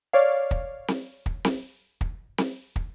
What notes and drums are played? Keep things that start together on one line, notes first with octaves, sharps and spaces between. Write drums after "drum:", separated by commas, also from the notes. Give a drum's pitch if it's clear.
C#5 D5 F5
drum: kick
drum: snare C4
drum: kick
drum: snare C4
drum: kick
drum: snare C4
drum: kick